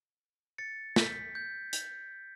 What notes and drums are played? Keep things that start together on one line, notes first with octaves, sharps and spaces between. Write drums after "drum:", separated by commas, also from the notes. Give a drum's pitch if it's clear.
A6 C#7
G6 B6, drum: snare
G6
G6, drum: hi-hat